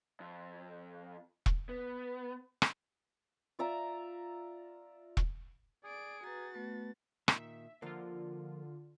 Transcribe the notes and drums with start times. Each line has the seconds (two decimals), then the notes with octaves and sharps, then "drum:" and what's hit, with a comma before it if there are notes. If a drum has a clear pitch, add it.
0.20 F2
1.46 drum: kick E1
1.69 B3
2.62 drum: rim click
3.59 F4 D5 E5 A#5
5.17 drum: kick E1
5.84 G#4 D5 D7
6.24 F#4 B4 A#5 A6
6.54 A3 B3 B4
7.28 A#2 D#3 E5, drum: rim click
7.82 D3 F3 A#3 F4